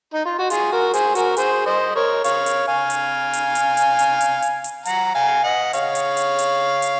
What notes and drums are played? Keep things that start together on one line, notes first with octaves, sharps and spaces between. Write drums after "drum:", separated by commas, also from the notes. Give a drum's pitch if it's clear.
D#4
F4
F#4
F4 G#4, drum: hi-hat
F#4 A#4
G#4 C5, drum: hi-hat
F#4 A#4, drum: hi-hat
G#4 C5, drum: hi-hat
C5 D#5
A#4 C#5
C#5 F5, drum: hi-hat
drum: hi-hat
F5 G#5
drum: hi-hat
drum: hi-hat
drum: hi-hat
drum: hi-hat
drum: hi-hat
drum: hi-hat
drum: hi-hat
drum: hi-hat
F#5 A#5, drum: hi-hat
F5 G#5
D#5 F#5
C#5 F5, drum: hi-hat
drum: hi-hat
drum: hi-hat
drum: hi-hat
drum: hi-hat